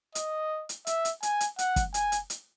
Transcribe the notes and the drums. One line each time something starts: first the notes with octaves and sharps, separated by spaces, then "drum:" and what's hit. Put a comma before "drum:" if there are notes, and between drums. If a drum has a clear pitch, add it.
D#5, drum: hi-hat
drum: hi-hat
E5, drum: hi-hat
drum: hi-hat
G#5, drum: hi-hat
drum: hi-hat
F#5, drum: hi-hat
drum: kick, hi-hat
G#5, drum: hi-hat
drum: hi-hat
drum: hi-hat